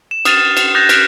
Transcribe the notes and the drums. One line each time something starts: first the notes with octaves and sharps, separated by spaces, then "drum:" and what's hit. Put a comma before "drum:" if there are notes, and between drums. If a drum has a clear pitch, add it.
E7
D#6 F6 A6 D#7 E7, drum: cymbal
drum: cymbal
D#6 F#6 G6 A6 A#6 E7
F6 F#6 B6 D7, drum: cymbal